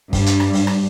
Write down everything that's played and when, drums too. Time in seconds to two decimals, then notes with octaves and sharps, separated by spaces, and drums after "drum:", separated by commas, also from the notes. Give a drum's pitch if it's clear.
0.13 G2, drum: kick, open hi-hat
0.26 drum: hi-hat
0.40 drum: rim click
0.53 drum: open hi-hat
0.67 drum: rim click